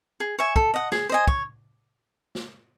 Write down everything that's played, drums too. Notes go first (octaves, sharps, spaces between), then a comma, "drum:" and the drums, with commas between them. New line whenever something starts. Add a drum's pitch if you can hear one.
G#4
C#5 E5 G#5
A4, drum: kick
D#5 F#5
G#4, drum: snare
C5 D#5 G#5
C#5, drum: kick
drum: snare